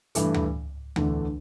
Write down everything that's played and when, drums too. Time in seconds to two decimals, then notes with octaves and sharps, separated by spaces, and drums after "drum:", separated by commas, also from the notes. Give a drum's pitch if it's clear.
0.15 G2 E3 A3, drum: hi-hat
0.34 drum: tom D2
0.96 E2 D3 A3, drum: tom D2